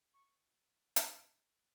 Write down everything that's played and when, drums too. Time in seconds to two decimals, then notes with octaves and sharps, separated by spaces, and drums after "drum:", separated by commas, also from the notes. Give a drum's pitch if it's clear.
0.13 C#6
0.96 A#5, drum: hi-hat